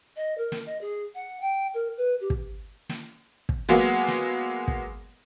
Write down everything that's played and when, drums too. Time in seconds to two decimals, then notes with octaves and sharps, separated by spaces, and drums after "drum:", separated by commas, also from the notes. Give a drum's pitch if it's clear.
0.16 D#5
0.38 A#4
0.52 drum: snare
0.66 D#5
0.81 G#4
1.15 F#5
1.41 G5
1.74 A#4
1.97 B4
2.21 G4
2.30 drum: kick
2.89 drum: snare
3.49 drum: kick
3.69 F#3 G#3 A#3 B3
4.08 drum: snare
4.68 drum: kick